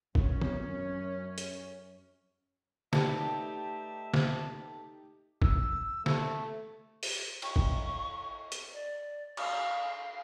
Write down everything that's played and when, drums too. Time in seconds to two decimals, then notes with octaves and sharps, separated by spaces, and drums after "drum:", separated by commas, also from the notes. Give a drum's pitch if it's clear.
0.15 F#2 C#4, drum: kick
0.42 drum: tom D#3
1.38 drum: hi-hat
2.93 A3 D#4 G4 B4 D5 E5 A5, drum: snare
4.14 drum: snare
5.42 E6, drum: kick
6.06 A3, drum: snare
7.03 drum: open hi-hat
7.42 C#6, drum: cymbal
7.56 drum: kick
8.52 drum: hi-hat
8.73 D5
9.37 F5, drum: cymbal